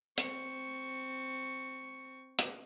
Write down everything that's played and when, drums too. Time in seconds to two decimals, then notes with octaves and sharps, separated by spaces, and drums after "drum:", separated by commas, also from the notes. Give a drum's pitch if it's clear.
0.18 C4 C#6, drum: hi-hat
2.39 drum: hi-hat